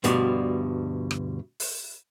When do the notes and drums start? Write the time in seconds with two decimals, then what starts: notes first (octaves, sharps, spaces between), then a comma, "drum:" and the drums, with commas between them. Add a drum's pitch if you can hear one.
0.04 D2 G2 B2 F3 G3, drum: hi-hat
1.11 drum: rim click
1.60 drum: open hi-hat